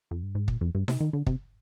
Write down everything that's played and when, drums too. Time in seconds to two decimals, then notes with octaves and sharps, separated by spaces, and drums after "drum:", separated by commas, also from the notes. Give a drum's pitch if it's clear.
0.11 F2
0.23 G2
0.35 G#2
0.48 A#2, drum: kick
0.61 F2
0.75 G2
0.88 C3, drum: snare D#4
1.01 D#3
1.13 D3
1.26 C3, drum: kick